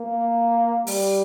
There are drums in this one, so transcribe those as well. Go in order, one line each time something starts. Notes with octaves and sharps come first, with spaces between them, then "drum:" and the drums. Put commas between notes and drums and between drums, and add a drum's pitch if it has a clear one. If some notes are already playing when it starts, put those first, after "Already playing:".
Already playing: A#3
G3, drum: open hi-hat